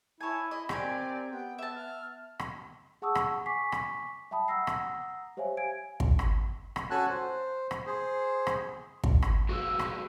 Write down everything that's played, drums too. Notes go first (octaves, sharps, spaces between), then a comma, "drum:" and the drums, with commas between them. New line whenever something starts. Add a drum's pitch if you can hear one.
E4 C#5 G#5 A5
D#5 B5
C4 G4 A#4 D5 G#5, drum: rim click
B3 G5
E5 A5 E6
F6
drum: rim click
G#4 F#5 A5 C#6 D#6 E6
drum: rim click
G#5 C#6 D6 B6 C7
drum: rim click
E5 G5 A5 B5 D#6
F#5 A#5 D#6 E6 A#6 C7
drum: rim click
G4 C5 C#5 E5 F5 G#5
F5 G#5 G#6 D7
drum: kick
drum: rim click
drum: rim click
C#4 F#4 A4 G#5 A5 F#6
C5
drum: rim click
G#4 C5
drum: rim click
drum: kick
drum: rim click
G#3 A#3 B3 F#4 E6
drum: rim click